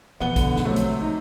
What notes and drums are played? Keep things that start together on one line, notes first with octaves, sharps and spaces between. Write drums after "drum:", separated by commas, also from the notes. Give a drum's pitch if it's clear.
B2 E3 F3 B3 F#5 G7
D3, drum: kick A#1, hi-hat
drum: snare
C3 F#3 A3
drum: hi-hat
D#4